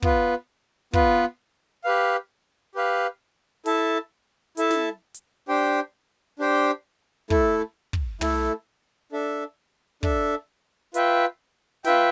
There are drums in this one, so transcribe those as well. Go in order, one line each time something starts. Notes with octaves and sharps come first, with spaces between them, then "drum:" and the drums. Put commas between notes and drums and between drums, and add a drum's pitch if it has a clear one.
B3 F4 B4, drum: kick
B3 F4 B4, drum: kick
G4 B4 F5
G4 B4 F5
E4 A4 E5 A5, drum: open hi-hat
E4 A4 E5 A5, drum: hi-hat
drum: snare
drum: hi-hat
D4 G4 C5 G5
D4 G4 C5 G5
A3 E4 A4, drum: kick
drum: kick
A3 E4 A4, drum: tom
D4 A4 E5
D4 A4 E5, drum: kick
F4 B4 E5 G5, drum: hi-hat
F4 B4 E5 G5, drum: snare